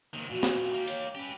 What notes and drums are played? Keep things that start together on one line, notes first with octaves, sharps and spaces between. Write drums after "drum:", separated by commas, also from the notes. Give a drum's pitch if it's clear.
C3 D#3 A#3
A#2 E3 F#4
drum: snare
A#3 G4
C#5, drum: hi-hat
C#4 G4 B4